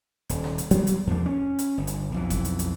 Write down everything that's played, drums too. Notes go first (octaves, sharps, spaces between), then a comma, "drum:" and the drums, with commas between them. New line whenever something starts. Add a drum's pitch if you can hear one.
D#1, drum: hi-hat
drum: snare
drum: hi-hat
F#3 G#3 B3, drum: hi-hat
drum: hi-hat
E2 F3 A#3
C#4
drum: hi-hat
G1
drum: hi-hat
B1 F2 E3
drum: kick F#1, hi-hat
drum: hi-hat
drum: hi-hat